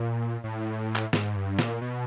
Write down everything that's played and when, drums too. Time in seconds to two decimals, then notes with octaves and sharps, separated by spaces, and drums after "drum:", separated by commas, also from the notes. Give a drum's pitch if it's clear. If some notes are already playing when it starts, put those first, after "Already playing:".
Already playing: A#2
0.44 A2
0.96 drum: clap
1.13 G#2, drum: snare
1.36 G2
1.59 A#2, drum: snare
1.81 B2